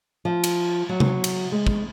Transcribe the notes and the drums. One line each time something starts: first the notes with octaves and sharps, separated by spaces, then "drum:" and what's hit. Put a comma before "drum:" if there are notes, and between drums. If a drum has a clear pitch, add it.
F3
drum: cymbal
F#3
drum: tom C3
drum: cymbal
G#3
drum: kick